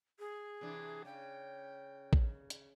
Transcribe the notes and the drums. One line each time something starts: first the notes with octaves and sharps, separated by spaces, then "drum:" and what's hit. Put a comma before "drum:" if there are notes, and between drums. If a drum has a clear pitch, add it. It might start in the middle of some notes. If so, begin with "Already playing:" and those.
G#4
C3 E3 D4
C#3 G5
drum: kick A1
drum: hi-hat